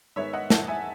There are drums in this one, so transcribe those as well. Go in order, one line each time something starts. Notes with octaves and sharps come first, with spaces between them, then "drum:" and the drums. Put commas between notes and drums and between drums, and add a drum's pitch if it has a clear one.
G#2 D#3 G#3 B3 C#5 E5
D#5 F#5
F#5 A5, drum: snare
E5 G#5